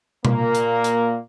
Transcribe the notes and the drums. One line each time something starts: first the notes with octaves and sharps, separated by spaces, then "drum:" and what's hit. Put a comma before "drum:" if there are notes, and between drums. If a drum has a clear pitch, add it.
A#2 A#3, drum: tom B2
drum: hi-hat
drum: hi-hat